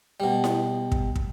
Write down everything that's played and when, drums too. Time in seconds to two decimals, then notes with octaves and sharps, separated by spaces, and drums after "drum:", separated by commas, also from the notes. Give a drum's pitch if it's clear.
0.20 B2 G3
0.44 drum: snare E4
0.92 drum: kick
1.16 drum: kick